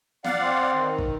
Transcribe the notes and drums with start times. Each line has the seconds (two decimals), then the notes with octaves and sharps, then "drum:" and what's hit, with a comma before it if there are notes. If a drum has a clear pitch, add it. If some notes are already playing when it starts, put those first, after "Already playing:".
0.24 D5 F5 F#5, drum: snare
0.42 C4
0.74 D#3
0.98 drum: kick